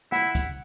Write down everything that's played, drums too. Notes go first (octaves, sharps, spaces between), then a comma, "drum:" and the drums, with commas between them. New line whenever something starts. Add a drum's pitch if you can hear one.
E4 F#5, drum: snare
drum: kick, hi-hat